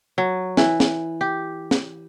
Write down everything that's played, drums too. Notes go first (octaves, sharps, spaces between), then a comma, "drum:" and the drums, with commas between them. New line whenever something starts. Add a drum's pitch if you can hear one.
F#3
E3, drum: snare
drum: snare
G4
drum: snare